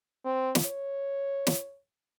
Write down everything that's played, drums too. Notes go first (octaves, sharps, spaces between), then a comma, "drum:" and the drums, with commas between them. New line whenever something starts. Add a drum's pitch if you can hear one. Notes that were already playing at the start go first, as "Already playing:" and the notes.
C4
drum: snare
C#5
drum: snare